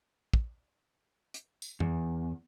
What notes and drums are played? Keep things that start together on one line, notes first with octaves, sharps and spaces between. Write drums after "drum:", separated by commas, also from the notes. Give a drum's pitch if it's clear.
drum: kick
drum: hi-hat
drum: tambourine
E2, drum: tom F2